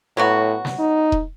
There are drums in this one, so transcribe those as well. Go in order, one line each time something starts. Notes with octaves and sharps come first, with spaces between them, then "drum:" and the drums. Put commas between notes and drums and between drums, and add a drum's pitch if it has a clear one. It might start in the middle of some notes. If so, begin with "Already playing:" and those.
A2 F#3 B3 F#4
drum: snare
D#4
drum: kick E1